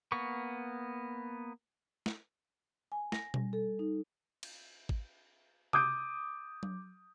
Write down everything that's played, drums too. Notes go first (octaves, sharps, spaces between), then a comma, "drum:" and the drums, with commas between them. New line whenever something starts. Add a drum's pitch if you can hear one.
A#3 B3 C#6
drum: snare
G#5
A#6, drum: snare
G3, drum: tom B2
A4
D#4
drum: cymbal
drum: kick G#1
D6 D#6 G6 D7, drum: tom C3
drum: tom F#3